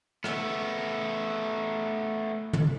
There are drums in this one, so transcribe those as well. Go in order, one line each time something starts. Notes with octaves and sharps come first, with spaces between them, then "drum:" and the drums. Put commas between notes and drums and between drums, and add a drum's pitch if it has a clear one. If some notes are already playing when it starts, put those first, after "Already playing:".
A3 B3, drum: rim click
drum: tom